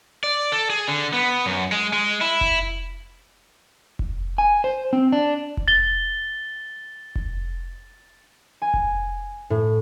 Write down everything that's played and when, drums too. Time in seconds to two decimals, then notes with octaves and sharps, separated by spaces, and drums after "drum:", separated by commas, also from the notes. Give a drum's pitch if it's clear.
0.24 D5
0.52 A4
0.70 G#4
0.88 D3
1.13 B3
1.46 F#2
1.72 G#3
1.93 G#3
2.21 E4
2.41 drum: kick F1
3.99 drum: kick F1
4.38 G#5
4.64 C5
4.93 C4
5.12 D4
5.57 drum: kick F1
5.68 A6 G7
7.15 drum: kick F1
8.62 G#5
8.74 drum: kick F1
9.50 A2